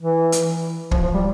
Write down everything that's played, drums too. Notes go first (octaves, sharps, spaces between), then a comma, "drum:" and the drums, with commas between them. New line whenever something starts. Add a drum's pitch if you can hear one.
E3
drum: hi-hat
F3, drum: kick
F3
G3